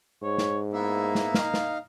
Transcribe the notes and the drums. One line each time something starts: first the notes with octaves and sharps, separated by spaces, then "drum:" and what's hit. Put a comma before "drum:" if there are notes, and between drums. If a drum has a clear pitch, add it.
G#2 C#5
drum: snare
A#3 B3 E4 E5
drum: snare
D#4 F5, drum: snare
drum: snare